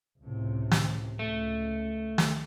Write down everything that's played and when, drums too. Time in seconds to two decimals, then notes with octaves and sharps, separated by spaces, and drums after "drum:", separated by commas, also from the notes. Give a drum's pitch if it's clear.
0.21 C#2 A2 C3
0.71 drum: snare
1.19 C#2 A3
2.18 drum: snare